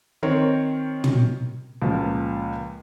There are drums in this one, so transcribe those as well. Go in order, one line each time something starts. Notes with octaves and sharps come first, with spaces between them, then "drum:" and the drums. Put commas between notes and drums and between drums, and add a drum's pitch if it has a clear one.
D#3 C4 A#4 C5 C#5
drum: tom
C#2 A#2 F3